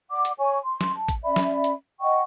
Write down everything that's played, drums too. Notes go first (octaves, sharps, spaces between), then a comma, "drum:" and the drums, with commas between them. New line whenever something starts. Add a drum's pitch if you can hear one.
D5 F#5 D6
drum: hi-hat
C#5 G#5 C#6
C6
drum: snare
A5
drum: kick A1, hi-hat
C#4 D5 E5 B5
drum: snare
drum: hi-hat
D#5 F#5 G5 C#6